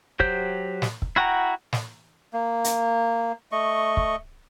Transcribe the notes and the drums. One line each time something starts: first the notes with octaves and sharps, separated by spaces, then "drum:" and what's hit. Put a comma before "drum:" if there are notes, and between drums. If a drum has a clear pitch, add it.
F#3 G4 C5 G6, drum: kick
drum: snare
drum: kick
E4 F#4 F#5 G5 A#5
drum: snare
A#3
drum: hi-hat
A3 D#5 C#6
drum: kick